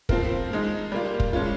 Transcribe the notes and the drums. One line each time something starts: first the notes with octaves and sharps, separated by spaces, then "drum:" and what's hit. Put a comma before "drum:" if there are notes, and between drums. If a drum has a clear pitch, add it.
F3 C4 F4 A#4, drum: kick
F3 G#3 D#4
G3 A#3 F4
drum: kick
F3 G#3 C#4 F4